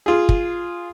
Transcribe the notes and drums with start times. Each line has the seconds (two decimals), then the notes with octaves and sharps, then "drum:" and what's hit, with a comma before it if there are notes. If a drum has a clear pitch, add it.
0.06 F4 G#4
0.29 drum: kick